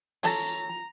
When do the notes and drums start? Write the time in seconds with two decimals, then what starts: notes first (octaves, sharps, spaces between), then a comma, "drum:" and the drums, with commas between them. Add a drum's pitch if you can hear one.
0.23 C#4 A4 A#5, drum: open hi-hat